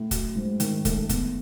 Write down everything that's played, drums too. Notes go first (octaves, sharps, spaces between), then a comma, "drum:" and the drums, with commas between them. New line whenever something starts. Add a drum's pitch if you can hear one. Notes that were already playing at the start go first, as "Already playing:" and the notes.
Already playing: A2
F#3, drum: kick, hi-hat
G#2
D#3, drum: hi-hat
A3, drum: kick, hi-hat
B3, drum: kick, hi-hat